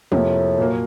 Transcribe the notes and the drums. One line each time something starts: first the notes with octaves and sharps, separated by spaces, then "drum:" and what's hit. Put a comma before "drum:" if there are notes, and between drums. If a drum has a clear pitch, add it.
F2 A2 C3 F3 A#3, drum: tom
A#2 F#3 A#3